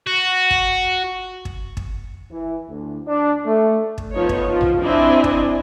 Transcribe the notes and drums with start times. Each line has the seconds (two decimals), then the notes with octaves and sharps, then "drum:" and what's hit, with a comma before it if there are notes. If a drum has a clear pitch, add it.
0.07 F#4
0.51 drum: kick
1.45 drum: kick
1.77 drum: kick
2.31 E3
2.68 D2
3.07 D4
3.45 A3
3.98 drum: kick
4.13 F3 B3 D#4 C#5
4.29 drum: kick
4.49 F3
4.61 drum: tom A#1
4.81 C4 D4 E4 D5 D#5 G#5
5.24 drum: kick